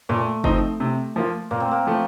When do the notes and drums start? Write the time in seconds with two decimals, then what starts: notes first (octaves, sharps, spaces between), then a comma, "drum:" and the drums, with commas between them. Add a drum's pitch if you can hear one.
0.09 A#2 A3
0.44 F3 C4 D#4, drum: kick
0.80 C3
1.16 F3 A#3 F4
1.51 A#2 A#3
1.60 C4
1.71 A#3
1.87 F3 A3